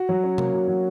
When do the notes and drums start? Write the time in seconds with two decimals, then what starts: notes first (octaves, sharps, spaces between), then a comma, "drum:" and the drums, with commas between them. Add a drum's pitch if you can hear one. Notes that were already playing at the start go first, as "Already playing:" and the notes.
Already playing: F#4
0.09 F#3
0.24 C#4
0.38 A#3, drum: tom C3
0.53 F#4
0.68 F#3